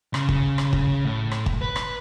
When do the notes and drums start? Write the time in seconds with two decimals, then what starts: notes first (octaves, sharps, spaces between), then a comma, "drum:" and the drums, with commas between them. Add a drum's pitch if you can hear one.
0.14 C#3, drum: rim click
0.29 drum: kick
0.58 drum: rim click
0.73 drum: kick
1.05 A2
1.32 drum: rim click
1.46 drum: kick
1.62 B4
1.76 drum: rim click